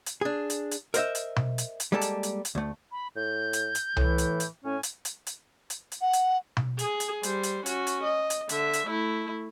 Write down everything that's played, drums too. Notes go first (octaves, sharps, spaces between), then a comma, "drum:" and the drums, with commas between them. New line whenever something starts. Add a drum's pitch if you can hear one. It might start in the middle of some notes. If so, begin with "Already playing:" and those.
drum: hi-hat
D4 G#4
drum: hi-hat
drum: hi-hat
A#4 C5 D#5 E5, drum: hi-hat
drum: hi-hat
drum: tom B2
drum: hi-hat
drum: hi-hat
G3 G#3 A#3 A4 A5
drum: hi-hat
drum: hi-hat
drum: hi-hat
D2 A3
B5
A2 G6
drum: hi-hat
drum: hi-hat
A2 E3, drum: tom C2
drum: hi-hat
drum: hi-hat
A2 C#4 G#5
drum: hi-hat
drum: hi-hat
drum: hi-hat
drum: hi-hat
drum: hi-hat
F#5
drum: hi-hat
drum: tom B2
G#4, drum: hi-hat
drum: hi-hat
G3 C5, drum: hi-hat
drum: hi-hat
C#4 F#4, drum: hi-hat
drum: hi-hat
D#5
drum: hi-hat
D3 E5, drum: hi-hat
drum: hi-hat
A3 E4